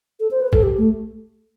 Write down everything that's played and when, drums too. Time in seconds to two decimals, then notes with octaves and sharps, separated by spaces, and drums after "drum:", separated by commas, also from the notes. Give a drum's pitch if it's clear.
0.20 A4
0.31 C5
0.41 B4
0.53 A4, drum: kick
0.63 G4
0.78 A3